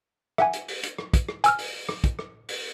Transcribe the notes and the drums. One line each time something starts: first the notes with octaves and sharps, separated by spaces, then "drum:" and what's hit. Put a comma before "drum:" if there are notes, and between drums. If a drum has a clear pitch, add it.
E5 F#5 G#5, drum: rim click
drum: hi-hat
drum: open hi-hat
drum: hi-hat
drum: rim click
drum: kick, hi-hat
drum: rim click
G#5 E6 F6, drum: hi-hat
drum: open hi-hat
drum: rim click
drum: kick, hi-hat
drum: rim click
drum: open hi-hat